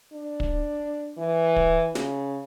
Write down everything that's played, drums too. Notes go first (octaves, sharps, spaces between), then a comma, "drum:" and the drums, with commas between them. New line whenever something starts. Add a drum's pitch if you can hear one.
D4
drum: kick
E3
drum: kick
C#3, drum: snare